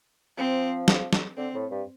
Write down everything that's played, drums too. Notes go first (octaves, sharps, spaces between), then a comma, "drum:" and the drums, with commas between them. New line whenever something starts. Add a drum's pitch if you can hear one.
F3 C4
drum: snare
drum: snare
D3 C4
A2
G2